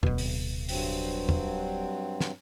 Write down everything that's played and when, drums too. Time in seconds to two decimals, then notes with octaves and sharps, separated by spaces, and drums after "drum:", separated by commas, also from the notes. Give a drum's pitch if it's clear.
0.03 D1 B2, drum: tom
0.18 drum: open hi-hat
0.69 G2 F#3 C4, drum: open hi-hat
1.29 drum: tom
2.21 drum: snare